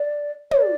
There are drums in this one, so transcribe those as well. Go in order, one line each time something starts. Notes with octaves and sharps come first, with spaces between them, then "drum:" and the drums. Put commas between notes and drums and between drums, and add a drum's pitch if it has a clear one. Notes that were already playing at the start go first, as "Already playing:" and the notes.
Already playing: D5
C#5, drum: tom
D5